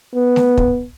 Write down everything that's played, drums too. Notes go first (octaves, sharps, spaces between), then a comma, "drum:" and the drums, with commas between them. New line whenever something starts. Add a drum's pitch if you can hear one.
B3
drum: snare A3
drum: kick